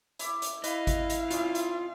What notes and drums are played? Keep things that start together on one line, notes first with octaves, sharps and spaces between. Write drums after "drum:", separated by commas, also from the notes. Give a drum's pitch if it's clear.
E4 E5 D6, drum: hi-hat
drum: hi-hat
E4 B4 D#5 F5, drum: hi-hat
drum: kick G#1, hi-hat
drum: hi-hat
C3 G#3 C#4 F4, drum: hi-hat
drum: hi-hat